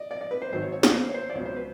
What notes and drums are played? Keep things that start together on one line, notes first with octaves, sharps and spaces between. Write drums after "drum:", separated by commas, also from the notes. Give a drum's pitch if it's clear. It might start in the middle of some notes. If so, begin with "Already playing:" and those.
Already playing: D5 D#5
D5
D5
B4
C5
G#1 G#2 D#3 F#3 C5
C#5
C#5
D5, drum: snare
C5
C#5
C5
D5
C#2 B2 F#3 C#5
C5
B4